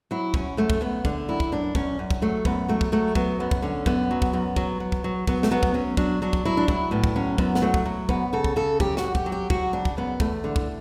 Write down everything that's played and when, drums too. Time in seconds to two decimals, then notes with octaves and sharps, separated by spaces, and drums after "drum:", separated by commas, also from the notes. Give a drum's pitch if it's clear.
0.11 F#3 E4
0.34 F#2 C#4, drum: kick
0.57 F#2 A3
0.70 drum: kick
0.81 F#2 B3
1.05 D3 D4, drum: kick
1.28 F#2 E4
1.40 drum: kick
1.52 F#2 D4
1.75 F#2 C#4, drum: kick
1.99 F#2
2.10 drum: kick
2.22 F#3 A3
2.45 F#2 B3, drum: kick
2.68 F#3 A3
2.81 drum: kick
2.92 F#3 A3
3.15 F#3 B3, drum: kick
3.40 F#2 B3
3.51 drum: kick
3.62 D3 C#4
3.86 F#2 B3, drum: kick
4.11 F#3
4.22 drum: kick
4.33 F#2
4.56 F#3, drum: kick
4.80 F#3
4.92 drum: kick
5.04 F#3
5.27 F#3 B3, drum: kick
5.43 A3, drum: snare
5.51 F#3 B3
5.63 drum: kick
5.74 F#3 C#4
5.97 F#3 D4, drum: kick
6.22 F#3 D4
6.33 drum: kick
6.45 F#3 E4
6.57 D4
6.68 F#3 E4, drum: kick
6.91 A2 B3
7.04 drum: kick
7.16 F#3 C#4
7.38 F#2 B3, drum: kick
7.55 B3, drum: snare
7.62 F#3 A3
7.74 drum: kick
7.86 F#3
8.09 F#2 B3, drum: kick
8.33 C#3 A4
8.44 drum: kick
8.56 C#3 A4
8.80 F#2 G4, drum: kick
8.97 F#4, drum: snare
9.04 F#2
9.15 G4, drum: kick
9.26 F#3
9.32 G4
9.50 F#3 F#4, drum: kick
9.73 C#3 D4
9.85 drum: kick
9.97 F#2 B3
10.20 E2 A3, drum: kick
10.44 D3
10.56 drum: kick